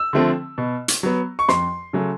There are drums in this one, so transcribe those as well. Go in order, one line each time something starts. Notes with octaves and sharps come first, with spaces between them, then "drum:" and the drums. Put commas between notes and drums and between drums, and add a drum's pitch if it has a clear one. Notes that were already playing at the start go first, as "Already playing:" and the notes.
Already playing: E6
D3 F3 A3 C4
B2
drum: hi-hat
F#3 B3
C#6
F2 C6, drum: snare
C#3 F#3 A3